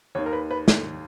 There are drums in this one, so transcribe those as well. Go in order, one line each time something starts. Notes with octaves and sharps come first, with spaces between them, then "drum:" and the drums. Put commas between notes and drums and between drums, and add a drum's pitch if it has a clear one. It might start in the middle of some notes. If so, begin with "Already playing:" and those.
D#2 D#3 C#5
A#4
B4
B4
drum: snare